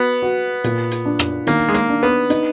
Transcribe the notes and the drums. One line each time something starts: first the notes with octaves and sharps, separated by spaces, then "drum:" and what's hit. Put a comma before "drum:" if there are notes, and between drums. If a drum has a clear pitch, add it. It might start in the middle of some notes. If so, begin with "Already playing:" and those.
Already playing: B3 F#4
F#4
A#2, drum: hi-hat
drum: hi-hat
D4
drum: rim click
D#3 A#3, drum: hi-hat
G#3
A#3, drum: hi-hat
D4
B3
D#4, drum: hi-hat